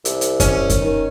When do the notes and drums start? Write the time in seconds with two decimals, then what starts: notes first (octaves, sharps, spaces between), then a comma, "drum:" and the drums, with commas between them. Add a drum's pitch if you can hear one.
0.05 C2, drum: hi-hat
0.21 drum: hi-hat
0.40 C#4, drum: kick F#2, hi-hat
0.70 drum: kick F#2, hi-hat
0.81 D#3